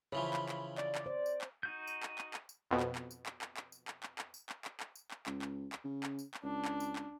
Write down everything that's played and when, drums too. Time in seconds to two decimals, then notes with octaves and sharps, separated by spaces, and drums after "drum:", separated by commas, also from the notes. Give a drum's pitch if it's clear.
0.12 C#3 E3 F3 C#5 B5
0.33 drum: clap
0.49 drum: clap
0.78 D5, drum: clap
0.95 drum: clap
1.06 C5
1.26 drum: tambourine
1.41 drum: clap
1.63 D#4 F#4 G6
1.87 drum: tambourine
2.03 drum: clap
2.18 drum: clap
2.34 drum: clap
2.49 drum: tambourine
2.71 F2 B2
2.80 drum: clap
2.95 drum: clap
3.11 drum: tambourine
3.26 drum: clap
3.41 drum: clap
3.57 drum: clap
3.72 drum: tambourine
3.88 drum: clap
4.03 drum: clap
4.18 drum: clap
4.34 drum: tambourine
4.49 drum: clap
4.65 drum: clap
4.80 drum: clap
4.95 drum: tambourine
5.11 drum: clap
5.26 C#2, drum: clap
5.42 drum: clap
5.72 drum: clap
5.84 C#3
6.03 drum: clap
6.19 drum: tambourine
6.34 drum: clap
6.43 C#2 D4
6.65 drum: clap
6.80 drum: tambourine
6.96 drum: clap